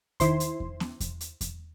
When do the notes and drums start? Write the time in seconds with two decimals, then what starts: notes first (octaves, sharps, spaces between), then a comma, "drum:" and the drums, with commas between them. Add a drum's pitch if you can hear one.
0.20 D#3 E4 C5 C6, drum: kick E2, hi-hat
0.40 drum: hi-hat
0.60 drum: kick E2
0.80 drum: snare
1.00 drum: kick E2, hi-hat
1.21 drum: hi-hat
1.41 drum: kick E2, hi-hat